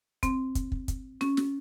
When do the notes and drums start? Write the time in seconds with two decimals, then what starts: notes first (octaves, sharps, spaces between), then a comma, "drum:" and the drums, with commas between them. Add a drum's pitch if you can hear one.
0.23 C4, drum: kick, hi-hat
0.55 drum: kick, hi-hat
0.72 drum: kick
0.88 drum: kick, hi-hat
1.21 C#4, drum: snare
1.37 drum: snare